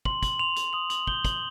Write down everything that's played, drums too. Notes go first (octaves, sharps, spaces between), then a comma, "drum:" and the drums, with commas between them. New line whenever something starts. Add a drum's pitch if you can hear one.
C6 F#7, drum: kick
F#7, drum: kick, hi-hat
C6 F7
F7, drum: hi-hat
D#6 F#7
F#7, drum: hi-hat
G6 G7, drum: kick
F#7, drum: kick, hi-hat